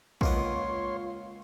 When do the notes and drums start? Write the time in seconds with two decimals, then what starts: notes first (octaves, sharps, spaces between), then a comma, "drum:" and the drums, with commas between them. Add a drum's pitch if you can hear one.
0.21 C#2 A#3 B3 F4 C#5 C6, drum: kick